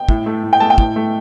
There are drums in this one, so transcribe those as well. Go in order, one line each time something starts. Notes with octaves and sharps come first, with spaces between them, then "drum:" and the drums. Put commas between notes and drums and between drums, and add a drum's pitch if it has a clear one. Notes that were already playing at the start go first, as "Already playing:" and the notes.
Already playing: G5
A2, drum: kick
A3
A2
G5
A3 A5
G5
A2, drum: kick
A3